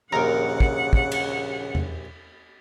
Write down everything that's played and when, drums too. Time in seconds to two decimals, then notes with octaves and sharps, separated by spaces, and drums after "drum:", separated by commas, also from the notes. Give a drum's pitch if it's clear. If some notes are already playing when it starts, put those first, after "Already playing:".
0.13 A#1 D#2 C#3 A#4 F#5
0.60 drum: kick
0.93 drum: kick
1.12 drum: cymbal
1.75 drum: tom E2